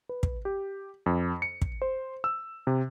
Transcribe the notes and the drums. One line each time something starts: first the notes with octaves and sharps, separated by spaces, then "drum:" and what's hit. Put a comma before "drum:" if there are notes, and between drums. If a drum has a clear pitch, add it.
B4
drum: kick
G4
F2
C#7
drum: kick
C5
E6
C3